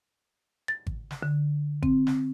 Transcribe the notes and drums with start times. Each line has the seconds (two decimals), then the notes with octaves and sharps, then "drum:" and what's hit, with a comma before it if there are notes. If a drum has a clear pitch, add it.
0.68 A6
0.87 drum: kick G#1
1.11 drum: snare
1.23 D3
1.83 C4, drum: kick G#1
2.07 drum: snare